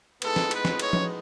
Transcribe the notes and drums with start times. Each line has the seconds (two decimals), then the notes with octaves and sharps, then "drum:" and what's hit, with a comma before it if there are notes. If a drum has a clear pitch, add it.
0.22 A2 G#3 B3 D#4 A4, drum: cymbal
0.36 drum: snare
0.51 B4, drum: cymbal
0.65 drum: snare
0.79 C#5, drum: cymbal
0.93 drum: tom F3